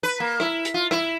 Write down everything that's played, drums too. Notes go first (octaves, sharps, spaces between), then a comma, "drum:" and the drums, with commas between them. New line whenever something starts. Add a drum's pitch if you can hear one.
B4
A#3
E4, drum: rim click
drum: hi-hat
F4
E4, drum: rim click